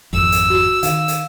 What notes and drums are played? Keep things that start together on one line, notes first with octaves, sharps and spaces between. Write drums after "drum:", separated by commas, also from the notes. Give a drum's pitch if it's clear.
G#1 F2 E6
drum: hi-hat
F#4
D#3 F5, drum: hi-hat
drum: hi-hat